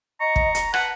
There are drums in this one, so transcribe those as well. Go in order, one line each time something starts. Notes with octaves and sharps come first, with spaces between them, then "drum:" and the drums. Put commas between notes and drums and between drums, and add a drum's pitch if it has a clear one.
D#5 A#5 C#6
drum: kick
drum: hi-hat
B4 F#5 A5, drum: rim click